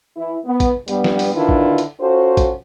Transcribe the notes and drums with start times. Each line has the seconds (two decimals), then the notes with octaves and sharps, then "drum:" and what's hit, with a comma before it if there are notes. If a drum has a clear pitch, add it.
0.17 E3 E4
0.45 B3
0.60 drum: kick, hi-hat
0.88 G2 G3 B3, drum: hi-hat
1.04 drum: snare
1.19 drum: open hi-hat
1.34 D3 D#3 D4 E4 F4 B4
1.49 drum: kick
1.78 drum: hi-hat
1.99 C#4 F4 F#4 A4 C5
2.37 drum: kick, hi-hat